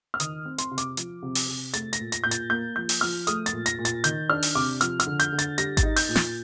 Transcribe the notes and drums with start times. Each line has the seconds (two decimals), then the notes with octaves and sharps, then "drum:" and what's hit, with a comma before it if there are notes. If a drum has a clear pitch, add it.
0.14 F6
0.20 D#3 D#6, drum: hi-hat
0.45 C4
0.58 C6, drum: hi-hat
0.71 C3
0.78 D6, drum: hi-hat
0.97 F3, drum: hi-hat
1.22 C3
1.35 drum: open hi-hat
1.49 C3
1.74 A3 A6, drum: hi-hat
1.93 A#6, drum: hi-hat
2.00 A#2
2.12 A#6, drum: hi-hat
2.24 A#2 G6
2.31 A6, drum: hi-hat
2.50 A#3 G6
2.76 F3 G6
2.89 drum: open hi-hat
3.01 F3 F6
3.27 A3 D#6, drum: hi-hat
3.46 A6, drum: hi-hat
3.53 A#2
3.66 A#6, drum: hi-hat
3.78 A#2
3.85 A6, drum: hi-hat
4.04 D#3 G6, drum: hi-hat
4.30 D4 F6
4.43 drum: open hi-hat
4.55 C3 D6
4.81 F3 F6, drum: hi-hat
5.00 F6, drum: hi-hat
5.07 D3
5.20 G6, drum: hi-hat
5.32 D3
5.39 A6, drum: hi-hat
5.58 G3 A#6, drum: hi-hat
5.77 A6, drum: kick G#1, hi-hat
5.83 D#4
5.96 G6, drum: open hi-hat
6.09 A#2
6.16 A6, drum: snare